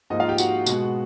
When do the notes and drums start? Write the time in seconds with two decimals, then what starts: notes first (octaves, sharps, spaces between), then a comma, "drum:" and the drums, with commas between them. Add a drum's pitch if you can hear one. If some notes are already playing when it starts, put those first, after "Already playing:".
0.10 G#2 F3 A#3 D#4 D#5
0.20 F4 F5
0.29 G4 G5
0.38 F#4 F#5, drum: tambourine
0.66 B2 G#3 B3, drum: tambourine